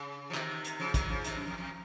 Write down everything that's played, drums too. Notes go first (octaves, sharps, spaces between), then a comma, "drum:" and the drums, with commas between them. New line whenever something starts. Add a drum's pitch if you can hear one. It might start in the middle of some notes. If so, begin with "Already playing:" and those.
Already playing: C#3
F3
C3 D#3, drum: clap
drum: hi-hat
C#3 F3
D#3 F#3, drum: kick, hi-hat
C#3 F3
C3 D#3, drum: hi-hat
F#2
F2
F2